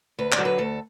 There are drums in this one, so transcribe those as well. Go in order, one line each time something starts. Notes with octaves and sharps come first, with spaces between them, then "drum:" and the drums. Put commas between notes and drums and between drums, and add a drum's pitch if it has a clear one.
D2 B4
D5, drum: clap
D3 F#3
B4
D2 A4